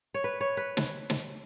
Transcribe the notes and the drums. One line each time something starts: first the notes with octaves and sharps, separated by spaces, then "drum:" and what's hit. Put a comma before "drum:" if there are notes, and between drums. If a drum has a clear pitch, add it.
C#5
B4
C#5
B4
drum: snare
drum: snare